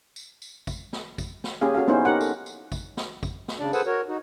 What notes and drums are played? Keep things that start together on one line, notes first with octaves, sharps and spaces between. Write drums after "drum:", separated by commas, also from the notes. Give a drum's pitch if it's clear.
drum: tambourine
drum: tambourine
drum: kick A1, tambourine
drum: snare
drum: kick A1, tambourine
drum: snare
A#3 C#4 G4 G#4 F5
C#4 F#4 A4 F5
B3 C#4 D#4 E4 C5
D#4 G4 A#4 F#5
A4, drum: tambourine
drum: tambourine
drum: kick A1, tambourine
drum: snare
drum: kick A1, tambourine
drum: snare
C#3 D4 D5
G#4 A4 B4 C5 F#5 G#5, drum: tambourine
F#4 A#4 C#5
D#4 F#4